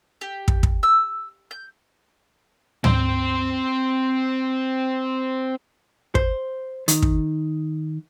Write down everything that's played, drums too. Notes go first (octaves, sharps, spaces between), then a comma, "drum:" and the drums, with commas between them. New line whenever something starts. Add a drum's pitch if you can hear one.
G4
drum: kick
drum: kick
E6
G6
C4 C5, drum: tom
C5, drum: kick
D#3, drum: hi-hat
drum: kick